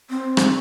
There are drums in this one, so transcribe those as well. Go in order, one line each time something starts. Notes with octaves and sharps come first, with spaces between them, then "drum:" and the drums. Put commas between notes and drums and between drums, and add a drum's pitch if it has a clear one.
C4
drum: rim click